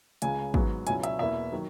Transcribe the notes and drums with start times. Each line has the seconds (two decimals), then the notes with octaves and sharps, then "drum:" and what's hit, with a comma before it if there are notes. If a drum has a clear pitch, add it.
0.22 C#2 C#3 G#3 G#5, drum: hi-hat
0.54 G#2 F#3 B3, drum: kick
0.87 C#2 B2 F#3 C#4 E4 G#5, drum: hi-hat
1.03 E5, drum: hi-hat
1.19 E2 B2 A#3 E4 E5
1.51 D#3 F#3